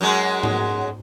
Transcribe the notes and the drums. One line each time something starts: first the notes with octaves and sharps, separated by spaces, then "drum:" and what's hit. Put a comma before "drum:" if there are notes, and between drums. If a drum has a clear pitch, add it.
F#2 F#3 G#3
drum: tom